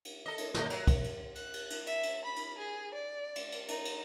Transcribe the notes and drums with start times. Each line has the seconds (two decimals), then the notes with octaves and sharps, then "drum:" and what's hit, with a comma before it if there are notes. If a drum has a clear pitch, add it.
0.05 drum: cymbal
0.26 A4 D#5
0.38 drum: cymbal
0.54 D#2 A2 D#5, drum: snare
0.70 F#3, drum: cymbal
0.87 drum: kick, cymbal
1.04 drum: cymbal
1.35 F#6, drum: cymbal
1.54 drum: cymbal
1.70 drum: cymbal
1.87 E5, drum: cymbal
2.03 drum: cymbal
2.25 B5
2.36 drum: cymbal
2.58 G#4
2.94 D5
3.35 drum: cymbal
3.52 drum: cymbal
3.68 D#4, drum: cymbal
3.85 drum: cymbal